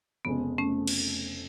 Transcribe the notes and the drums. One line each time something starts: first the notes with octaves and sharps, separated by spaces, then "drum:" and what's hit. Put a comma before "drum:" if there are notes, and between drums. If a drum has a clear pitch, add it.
F1 F2 C#3 G#3 B3
A3 C#4
drum: cymbal